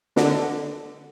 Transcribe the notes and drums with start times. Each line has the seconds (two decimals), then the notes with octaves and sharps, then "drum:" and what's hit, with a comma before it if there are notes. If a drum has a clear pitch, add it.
0.16 D3, drum: snare